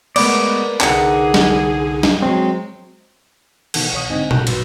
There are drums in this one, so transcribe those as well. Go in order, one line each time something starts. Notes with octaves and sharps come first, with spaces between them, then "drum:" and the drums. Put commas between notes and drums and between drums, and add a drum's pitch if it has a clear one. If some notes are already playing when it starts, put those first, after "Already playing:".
G#3 A3 B3 A#4 B4 D5, drum: cymbal
C2 D3 D#4 G#4 F#5, drum: clap
drum: snare
drum: snare
F#3 G#3 C4
B2 D#3 E3 A4, drum: cymbal
B1 C#5 D#6
G#2 D3 C4 D#4 D#5 G#5
A#1 F#4 A4 F#6 G6, drum: tom A#2
G#1 F#2 F#3 B4 C6 E6, drum: cymbal